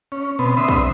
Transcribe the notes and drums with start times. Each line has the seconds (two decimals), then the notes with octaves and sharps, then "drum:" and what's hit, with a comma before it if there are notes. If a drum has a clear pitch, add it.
0.12 C#4
0.39 B2 B3 C4
0.57 D3 C4 E5 B5 C6 D#6
0.68 drum: kick